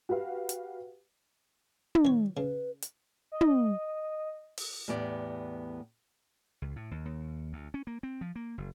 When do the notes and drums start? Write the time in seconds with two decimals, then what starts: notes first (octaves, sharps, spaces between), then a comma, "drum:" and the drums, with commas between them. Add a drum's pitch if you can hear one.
0.09 F#4 G4 B4 F5
0.49 drum: hi-hat
1.95 drum: tom
2.05 D#3 C#5
2.37 C#3 B4
2.82 drum: hi-hat
3.32 D#5
3.41 drum: tom
4.58 drum: open hi-hat
4.88 E2 A2 B3 G4 D5
6.62 C#2
6.76 A2
6.91 D#2
7.05 D#2
7.53 D2
7.74 C#4
7.87 A#3
8.03 C4
8.21 F3
8.36 A#3
8.58 F#1